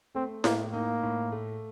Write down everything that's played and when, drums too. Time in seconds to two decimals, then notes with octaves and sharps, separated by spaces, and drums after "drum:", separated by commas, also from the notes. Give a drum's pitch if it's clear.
0.15 A3 C4
0.44 A2 A#3, drum: snare E4
0.73 A#3 D#4
1.03 A2
1.32 A3